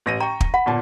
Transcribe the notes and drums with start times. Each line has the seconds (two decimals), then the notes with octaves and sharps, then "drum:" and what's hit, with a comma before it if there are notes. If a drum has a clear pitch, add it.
0.06 A1 A#6 D#7
0.20 G5 A#5 C#6
0.41 drum: kick
0.54 F#5 B5
0.66 G1 A#2 A5